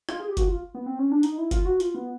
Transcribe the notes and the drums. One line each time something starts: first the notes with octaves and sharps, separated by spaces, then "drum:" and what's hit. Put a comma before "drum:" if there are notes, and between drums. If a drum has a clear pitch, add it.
F4, drum: rim click
G#4
G4
F#4, drum: kick F#1, hi-hat
F4
B3
C4
C#4
D4
D#4, drum: hi-hat
E4
F4, drum: kick F#1, hi-hat
F#4
F4, drum: hi-hat
B3